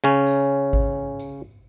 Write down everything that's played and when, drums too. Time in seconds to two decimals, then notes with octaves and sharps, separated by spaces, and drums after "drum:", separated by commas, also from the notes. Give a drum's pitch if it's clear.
0.04 C#3 C#4
0.27 drum: tambourine
0.73 drum: kick G#1
1.20 drum: tambourine